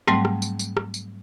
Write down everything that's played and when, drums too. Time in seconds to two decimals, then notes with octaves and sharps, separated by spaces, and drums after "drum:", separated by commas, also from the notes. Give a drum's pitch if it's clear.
0.07 G#2 F#3 G3 A3 C4, drum: rim click
0.25 drum: rim click
0.42 drum: tambourine
0.59 drum: tambourine
0.77 drum: rim click
0.94 drum: tambourine